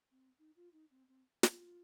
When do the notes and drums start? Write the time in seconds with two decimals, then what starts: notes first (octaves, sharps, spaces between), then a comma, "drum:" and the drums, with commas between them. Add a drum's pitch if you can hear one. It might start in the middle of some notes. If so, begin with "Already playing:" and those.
0.11 C4
0.38 D#4
0.56 F4
0.72 D#4
0.90 C4
1.08 C4
1.43 F4, drum: snare